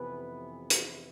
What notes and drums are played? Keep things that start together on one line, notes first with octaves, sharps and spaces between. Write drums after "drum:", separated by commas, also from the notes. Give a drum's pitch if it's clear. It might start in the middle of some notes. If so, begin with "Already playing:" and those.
Already playing: F2 C3 E3 B3 B4
drum: hi-hat